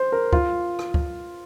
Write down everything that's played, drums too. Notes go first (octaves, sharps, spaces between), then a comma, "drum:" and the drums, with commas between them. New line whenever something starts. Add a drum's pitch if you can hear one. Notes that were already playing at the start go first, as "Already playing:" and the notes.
Already playing: C5
A#4
F4, drum: kick
drum: rim click
drum: kick